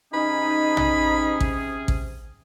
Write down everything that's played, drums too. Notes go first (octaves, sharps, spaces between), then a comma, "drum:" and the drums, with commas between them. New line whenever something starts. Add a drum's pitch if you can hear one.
C3 C#4 D#4 G#4 B5
drum: tom A#1
drum: kick A1
drum: kick A1